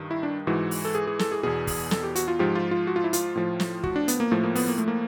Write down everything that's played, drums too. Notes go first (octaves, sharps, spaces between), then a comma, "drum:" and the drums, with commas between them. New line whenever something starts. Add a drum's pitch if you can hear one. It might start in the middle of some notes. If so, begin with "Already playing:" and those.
Already playing: G2 D#3
E4
D4
G#2 E3 F#4
drum: open hi-hat
A4
G#4
G#4
A4, drum: snare
G#4
E2 B2 G#4
drum: kick, open hi-hat
A4, drum: snare
G4
F#4, drum: hi-hat
F4
G#2 F3 G4
F4
F4
F#4
F4
E4
F4, drum: hi-hat
A2 F3
drum: snare
F#4, drum: kick
D4
B3, drum: hi-hat
A#3
A2 F3 A3
A#3
B3, drum: open hi-hat
A#3
A3
A#3